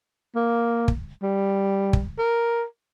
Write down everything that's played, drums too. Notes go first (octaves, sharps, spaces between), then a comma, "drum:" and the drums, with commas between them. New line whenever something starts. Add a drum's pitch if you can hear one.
A#3
drum: kick
G3
drum: kick
A#4